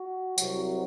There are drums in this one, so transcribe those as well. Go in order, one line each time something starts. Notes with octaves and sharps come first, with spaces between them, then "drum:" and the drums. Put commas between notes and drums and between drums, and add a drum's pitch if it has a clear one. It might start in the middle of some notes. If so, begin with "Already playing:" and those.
Already playing: F#4
C2 C3 F#3 F#4, drum: tambourine